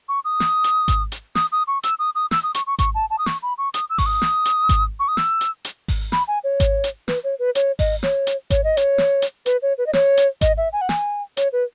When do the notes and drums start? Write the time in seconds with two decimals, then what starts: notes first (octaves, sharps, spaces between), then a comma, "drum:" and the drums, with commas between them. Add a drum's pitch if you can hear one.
0.09 C#6
0.25 D#6
0.40 drum: snare
0.64 drum: hi-hat
0.88 drum: kick G#1, hi-hat
1.12 drum: hi-hat
1.35 D#6, drum: snare
1.52 D#6
1.68 C#6
1.83 E6, drum: hi-hat
1.99 D#6
2.15 D#6
2.31 E6, drum: snare
2.43 D#6
2.54 C#6, drum: hi-hat
2.67 C#6
2.79 C#6, drum: kick G#1, hi-hat
2.95 A5
3.10 A5
3.19 D#6
3.26 C#6, drum: snare
3.43 B5
3.58 C#6
3.74 D#6, drum: hi-hat
3.90 E6
3.98 C#6, drum: kick G#1, open hi-hat
4.06 D#6
4.22 drum: snare
4.45 drum: hi-hat
4.69 drum: kick G#1, hi-hat
5.00 C#6
5.08 D#6
5.17 E6, drum: snare
5.41 drum: hi-hat
5.65 drum: hi-hat
5.88 drum: kick G#1, open hi-hat
6.12 B5, drum: snare
6.28 G#5
6.44 C#5
6.60 drum: kick G#1, hi-hat
6.84 drum: hi-hat
7.08 B4, drum: snare
7.24 C#5
7.39 B4
7.55 C#5, drum: hi-hat
7.79 D#5, drum: kick G#1, open hi-hat
8.03 C#5, drum: snare
8.27 drum: hi-hat
8.50 C#5, drum: kick G#1, hi-hat
8.64 D#5
8.77 C#5, drum: hi-hat
8.98 drum: snare
9.22 drum: hi-hat
9.46 B4, drum: hi-hat
9.62 C#5
9.78 B4
9.86 D#5
9.93 C#5, drum: snare
10.17 drum: hi-hat
10.41 D#5, drum: kick G#1, hi-hat
10.57 E5
10.73 G#5
10.81 F#5
10.89 G#5, drum: snare
11.37 C#5, drum: hi-hat
11.53 B4